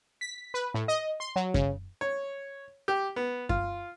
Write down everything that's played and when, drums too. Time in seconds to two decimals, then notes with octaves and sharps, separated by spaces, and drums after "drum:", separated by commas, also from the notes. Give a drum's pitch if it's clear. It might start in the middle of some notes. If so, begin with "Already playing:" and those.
0.21 B6
0.54 B4
0.74 A2
0.88 D#5
1.20 C6
1.36 F#3
1.54 C#3, drum: kick F#2
2.01 C#5
2.88 G4
3.16 B3
3.49 F4, drum: kick F#2